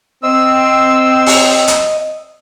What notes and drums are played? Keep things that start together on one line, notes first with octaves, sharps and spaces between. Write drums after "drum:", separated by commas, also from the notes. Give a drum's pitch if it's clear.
C4 D#5 E6
drum: open hi-hat
drum: hi-hat